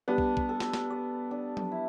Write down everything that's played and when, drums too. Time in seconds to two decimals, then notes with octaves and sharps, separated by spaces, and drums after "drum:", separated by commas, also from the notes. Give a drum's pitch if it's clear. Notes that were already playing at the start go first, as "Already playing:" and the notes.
0.08 G3 B3 D4
0.18 drum: kick
0.37 drum: kick
0.49 A4
0.60 drum: snare
0.74 drum: snare
0.90 D5
1.31 D4
1.57 drum: tom F#3
1.71 E4